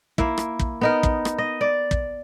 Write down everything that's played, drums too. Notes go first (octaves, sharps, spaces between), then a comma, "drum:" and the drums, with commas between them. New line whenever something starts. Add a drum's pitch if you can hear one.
A#3 E4, drum: kick
drum: rim click
drum: kick
B3 D#4 A#4
drum: kick
drum: rim click
D#5
D5
drum: kick